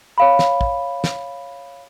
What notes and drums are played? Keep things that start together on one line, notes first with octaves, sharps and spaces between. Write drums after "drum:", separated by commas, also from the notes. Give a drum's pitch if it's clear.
C#5 F5 B5
drum: snare
drum: kick
drum: snare